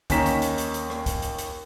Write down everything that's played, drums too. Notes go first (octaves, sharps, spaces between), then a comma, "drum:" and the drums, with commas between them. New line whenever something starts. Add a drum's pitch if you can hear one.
D#2 C#4 D#4 A#5 B6 E7, drum: kick, hi-hat
drum: hi-hat
drum: hi-hat
drum: hi-hat
drum: hi-hat
drum: rim click
drum: kick, hi-hat
drum: hi-hat
drum: hi-hat